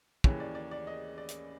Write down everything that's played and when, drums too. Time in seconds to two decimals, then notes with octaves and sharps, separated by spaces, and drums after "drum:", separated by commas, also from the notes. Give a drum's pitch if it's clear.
0.24 D#2 C#3 E3 C#5, drum: kick
0.40 D5
0.55 D5
0.71 D5
0.87 D#5
1.18 D5
1.29 drum: hi-hat